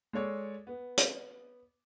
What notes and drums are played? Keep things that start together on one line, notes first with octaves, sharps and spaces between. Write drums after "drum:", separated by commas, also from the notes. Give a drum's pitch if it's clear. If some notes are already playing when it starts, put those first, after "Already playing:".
G#3 A4 C#5 D5
B3
drum: hi-hat